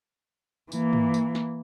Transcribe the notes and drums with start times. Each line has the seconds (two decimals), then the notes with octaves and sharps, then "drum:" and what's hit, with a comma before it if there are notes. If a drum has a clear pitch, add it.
0.72 E3 A#3, drum: tambourine
0.93 drum: tom
1.14 drum: tambourine
1.35 drum: snare